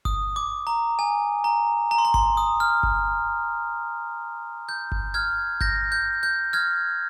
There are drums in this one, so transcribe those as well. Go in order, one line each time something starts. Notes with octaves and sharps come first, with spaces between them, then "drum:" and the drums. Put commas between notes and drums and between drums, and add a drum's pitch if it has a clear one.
D#6, drum: kick G1
D6
A#5
G#5
A#5
A#5
C6
A#5
C6, drum: kick G1
D#6
F6
drum: kick G1
G6
drum: kick G1
F6 G#6
G6 A#6, drum: kick G1
G6
G6
F6 G#6